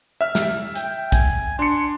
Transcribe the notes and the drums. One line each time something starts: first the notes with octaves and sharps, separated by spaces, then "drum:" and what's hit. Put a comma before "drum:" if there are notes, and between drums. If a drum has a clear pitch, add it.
E5 F6
drum: snare
G5, drum: hi-hat
G#5, drum: kick B1, hi-hat
D4 C6 C#7